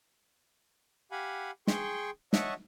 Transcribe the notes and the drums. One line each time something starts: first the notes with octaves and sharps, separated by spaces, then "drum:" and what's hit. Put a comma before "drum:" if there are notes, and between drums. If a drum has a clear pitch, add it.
G4 F5 F#5 G#5 B5
G#4 G5 C6 C#6, drum: snare
C#5 D#5 E5 F#5 A5 C#6, drum: snare